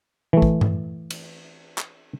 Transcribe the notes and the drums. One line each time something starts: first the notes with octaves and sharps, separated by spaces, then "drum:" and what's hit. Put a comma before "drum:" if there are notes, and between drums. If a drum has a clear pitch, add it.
E3 A3
drum: kick
drum: tom G2
drum: cymbal
drum: clap